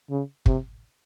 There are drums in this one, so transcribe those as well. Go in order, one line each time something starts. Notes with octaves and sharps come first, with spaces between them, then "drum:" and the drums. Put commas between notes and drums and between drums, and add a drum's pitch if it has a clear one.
C#3
C3, drum: kick